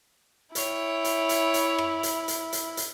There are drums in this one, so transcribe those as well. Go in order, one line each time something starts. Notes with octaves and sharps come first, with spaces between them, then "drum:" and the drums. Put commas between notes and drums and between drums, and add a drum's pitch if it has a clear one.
E4 C#5 G5, drum: hi-hat
drum: hi-hat
drum: hi-hat
drum: hi-hat
drum: rim click
drum: hi-hat
drum: hi-hat
drum: hi-hat
drum: hi-hat